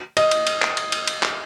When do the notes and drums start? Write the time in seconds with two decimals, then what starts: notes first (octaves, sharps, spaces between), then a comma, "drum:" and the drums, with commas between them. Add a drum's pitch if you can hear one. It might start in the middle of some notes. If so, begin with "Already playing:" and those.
0.17 D#5, drum: cymbal
0.31 drum: cymbal
0.47 drum: cymbal
0.62 drum: clap
0.77 drum: cymbal
0.92 drum: cymbal
1.07 drum: cymbal
1.23 drum: clap